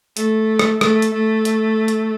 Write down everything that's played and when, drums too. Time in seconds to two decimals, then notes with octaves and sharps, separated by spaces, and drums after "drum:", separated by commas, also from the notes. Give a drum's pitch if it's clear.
0.17 A3, drum: hi-hat
0.59 drum: rim click
0.81 A3, drum: rim click
1.02 drum: hi-hat
1.13 A3
1.45 drum: hi-hat
1.88 drum: hi-hat